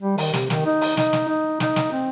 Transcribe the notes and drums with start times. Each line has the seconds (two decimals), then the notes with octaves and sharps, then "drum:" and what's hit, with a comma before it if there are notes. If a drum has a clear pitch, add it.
0.01 G3
0.18 D#3, drum: open hi-hat
0.33 C3, drum: snare
0.50 D#3, drum: snare
0.65 D#4
0.81 drum: open hi-hat
0.97 D#4, drum: snare
1.13 drum: snare
1.28 D#4
1.60 D#4, drum: snare
1.76 drum: snare
1.92 C4